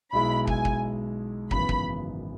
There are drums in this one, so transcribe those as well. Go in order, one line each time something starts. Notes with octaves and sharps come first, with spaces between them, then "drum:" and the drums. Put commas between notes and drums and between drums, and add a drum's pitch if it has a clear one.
B1 B2 G#3 E4 B5
G#5, drum: kick
drum: kick
G#1 F#2 C#3 E3 B3 B5, drum: kick
drum: kick